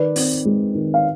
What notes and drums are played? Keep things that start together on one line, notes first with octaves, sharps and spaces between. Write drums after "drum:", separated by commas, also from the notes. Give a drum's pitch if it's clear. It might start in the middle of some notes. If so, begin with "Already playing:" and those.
Already playing: D#3 B4 D5
C4, drum: open hi-hat
G#3
D#3
F5